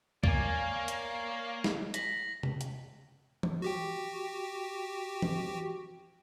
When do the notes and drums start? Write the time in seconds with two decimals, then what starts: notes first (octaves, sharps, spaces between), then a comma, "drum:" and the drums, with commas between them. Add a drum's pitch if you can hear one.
0.24 A#3 C#5 D5 F5 G#5, drum: kick
0.88 drum: hi-hat
1.64 drum: snare
1.94 A#6 B6 F#7, drum: hi-hat
2.43 drum: tom C3
2.61 drum: hi-hat
3.43 drum: tom E3
3.62 F#4 G4 G5
5.22 drum: tom E3